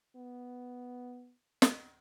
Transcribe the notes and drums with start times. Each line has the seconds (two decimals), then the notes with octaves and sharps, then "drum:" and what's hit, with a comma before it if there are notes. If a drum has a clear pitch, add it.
0.16 B3
1.62 drum: snare